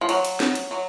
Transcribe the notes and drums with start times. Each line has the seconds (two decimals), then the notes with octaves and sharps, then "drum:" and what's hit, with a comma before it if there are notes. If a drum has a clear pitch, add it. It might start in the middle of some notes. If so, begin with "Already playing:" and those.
0.01 F3
0.09 F#3, drum: cymbal
0.25 drum: cymbal
0.40 drum: snare
0.55 drum: cymbal
0.71 F#3